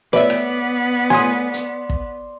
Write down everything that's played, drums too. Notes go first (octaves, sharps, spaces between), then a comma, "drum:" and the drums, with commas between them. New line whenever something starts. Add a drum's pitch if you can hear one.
B3 B4 D5 E5, drum: snare
drum: rim click A3
G#5 C6 D#6, drum: snare
drum: hi-hat
drum: kick